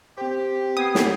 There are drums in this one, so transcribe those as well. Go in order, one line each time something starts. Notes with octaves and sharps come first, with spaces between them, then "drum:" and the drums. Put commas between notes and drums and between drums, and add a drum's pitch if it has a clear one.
C4 G4 C5
B3 G5 D#6 G#6 C7
drum: snare